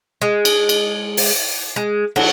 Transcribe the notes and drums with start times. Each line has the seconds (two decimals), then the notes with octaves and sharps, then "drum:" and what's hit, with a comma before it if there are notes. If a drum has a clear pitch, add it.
0.22 G#3
0.45 drum: cymbal
0.69 drum: cymbal
1.17 drum: open hi-hat
1.76 G#3
2.16 F#3, drum: cymbal